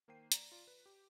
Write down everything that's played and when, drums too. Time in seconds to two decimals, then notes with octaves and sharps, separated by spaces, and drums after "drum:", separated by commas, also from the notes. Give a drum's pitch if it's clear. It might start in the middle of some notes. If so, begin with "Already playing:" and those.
0.08 D#3 A#3 C5 G5 C7 D#7
0.32 D5 A#5, drum: hi-hat
0.52 F4 D5
0.67 B4
0.86 G4